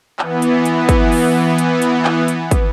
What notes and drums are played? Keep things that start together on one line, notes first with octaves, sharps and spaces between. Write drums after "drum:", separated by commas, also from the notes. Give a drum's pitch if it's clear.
E3 B3, drum: clap
drum: hi-hat
drum: hi-hat
drum: kick, hi-hat
drum: open hi-hat
drum: hi-hat
drum: hi-hat
drum: clap
drum: hi-hat
drum: kick, hi-hat